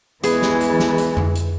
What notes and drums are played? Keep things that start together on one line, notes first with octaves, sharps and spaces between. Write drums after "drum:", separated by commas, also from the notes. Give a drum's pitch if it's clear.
E2 E3 G#3 G#4 B4, drum: hi-hat
drum: snare
drum: hi-hat
drum: snare
drum: hi-hat
drum: tom F2
drum: hi-hat